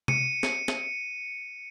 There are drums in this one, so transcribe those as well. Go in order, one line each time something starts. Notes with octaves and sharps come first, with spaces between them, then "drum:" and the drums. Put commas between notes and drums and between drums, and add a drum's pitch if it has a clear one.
C#7 D#7, drum: tom C3
drum: snare
drum: snare